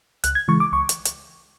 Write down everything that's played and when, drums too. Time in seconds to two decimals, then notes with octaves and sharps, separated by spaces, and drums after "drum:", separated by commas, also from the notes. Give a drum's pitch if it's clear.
0.24 C#2 F#6, drum: hi-hat
0.35 G#6
0.48 C#3 E3 G#3 C#6
0.60 D6
0.72 C#2 C#6
0.89 drum: hi-hat
1.05 drum: hi-hat